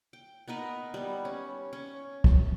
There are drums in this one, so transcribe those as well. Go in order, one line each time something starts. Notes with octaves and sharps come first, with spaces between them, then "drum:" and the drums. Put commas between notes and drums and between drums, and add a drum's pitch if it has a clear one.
G5
B3 D#4 A#4 B4
G3 B3
C#4
C#4
drum: kick